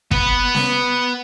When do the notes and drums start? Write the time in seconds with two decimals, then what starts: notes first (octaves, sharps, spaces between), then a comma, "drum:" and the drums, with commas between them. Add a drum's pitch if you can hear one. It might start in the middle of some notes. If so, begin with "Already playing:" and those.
0.11 B3 B4, drum: kick
0.55 drum: snare